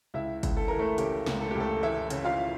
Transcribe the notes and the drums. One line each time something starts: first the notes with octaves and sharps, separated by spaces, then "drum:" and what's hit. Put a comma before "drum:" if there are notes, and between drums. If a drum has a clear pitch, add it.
C#2 E4 E5
C#2, drum: kick, hi-hat
A4
E3 A#4
A3 A4
C#3 G4, drum: hi-hat
C#2, drum: snare
A4
C#2 G4
A3 A4
E3 E4 E5
C#3, drum: hi-hat
F4 F5